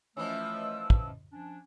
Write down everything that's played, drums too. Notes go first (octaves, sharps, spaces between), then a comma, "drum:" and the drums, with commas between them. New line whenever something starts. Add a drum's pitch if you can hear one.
E3 F3 A3 C#4 B4 D#5 E6
drum: kick
F3 C#4 D4